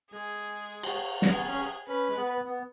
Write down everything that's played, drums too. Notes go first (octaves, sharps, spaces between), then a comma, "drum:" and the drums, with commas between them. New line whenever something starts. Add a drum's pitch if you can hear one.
G#3 G#4
drum: cymbal
G#3, drum: snare
B3 G#4
C#4
C#4 B4
G#3
B3
B3